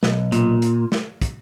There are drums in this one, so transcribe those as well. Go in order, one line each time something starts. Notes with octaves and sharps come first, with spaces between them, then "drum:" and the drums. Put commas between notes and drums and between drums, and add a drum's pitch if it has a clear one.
B1, drum: snare
A#2, drum: hi-hat
drum: hi-hat
drum: snare
drum: kick, hi-hat